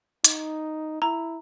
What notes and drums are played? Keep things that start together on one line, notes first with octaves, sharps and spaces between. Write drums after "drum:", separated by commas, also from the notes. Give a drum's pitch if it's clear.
D#4, drum: hi-hat
E4 A#5